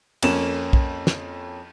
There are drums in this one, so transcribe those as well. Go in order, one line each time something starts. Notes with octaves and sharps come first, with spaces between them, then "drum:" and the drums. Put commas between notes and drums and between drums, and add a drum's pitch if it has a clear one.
F2 A#3 C#4 E7, drum: cymbal
drum: kick
drum: snare